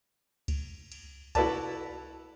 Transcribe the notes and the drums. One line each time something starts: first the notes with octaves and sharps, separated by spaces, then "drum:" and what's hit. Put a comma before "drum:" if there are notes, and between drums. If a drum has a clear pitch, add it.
drum: kick C#2, cymbal
drum: cymbal
E4 F#4 A4 B4 D5 A5, drum: kick C#2, cymbal